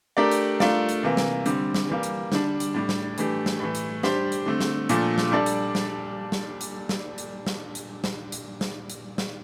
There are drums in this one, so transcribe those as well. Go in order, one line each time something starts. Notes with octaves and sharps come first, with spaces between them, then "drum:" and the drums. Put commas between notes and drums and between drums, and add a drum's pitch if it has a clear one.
A3 D4 G4 A#4 D5
drum: hi-hat
A3 D4 F4 A#4 D5, drum: snare
drum: hi-hat
C3 E3 A#3
drum: snare
D3 G3 C4, drum: hi-hat
drum: snare
E3 G3 A#3
drum: hi-hat
D3 G3 D4, drum: snare
drum: hi-hat
A2 G3 D4
drum: snare
A2 E3 A3 D4 G4, drum: hi-hat
drum: snare
A2 E3 A3
drum: hi-hat
G3 D4 G4 C5, drum: snare
drum: hi-hat
D3 A3 C4
drum: snare
A#2 F3 A3 D4, drum: hi-hat
drum: snare
G3 D4 A4 D5
drum: hi-hat
drum: snare
drum: snare
drum: hi-hat
drum: snare
drum: hi-hat
drum: snare
drum: hi-hat
drum: snare
drum: hi-hat
drum: snare
drum: hi-hat
drum: snare